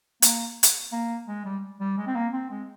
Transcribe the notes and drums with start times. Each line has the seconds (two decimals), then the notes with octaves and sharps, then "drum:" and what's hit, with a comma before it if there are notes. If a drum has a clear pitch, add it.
0.22 A#3, drum: hi-hat
0.63 drum: hi-hat
0.92 A#3
1.28 G#3
1.45 G3
1.80 G3
1.98 G#3
2.07 C4
2.15 A#3
2.33 C4
2.50 G#3